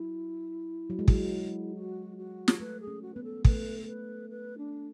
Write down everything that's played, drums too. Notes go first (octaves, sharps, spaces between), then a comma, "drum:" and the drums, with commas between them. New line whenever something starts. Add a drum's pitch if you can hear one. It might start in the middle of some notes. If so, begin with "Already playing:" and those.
Already playing: F#3 E4
F#3
G#3
F#3, drum: kick
F#4
F#4
drum: snare
A3 B4
G#4
C#4
F#4
B3 B4
A4
A3 B4, drum: kick
A4
B4
B4
D4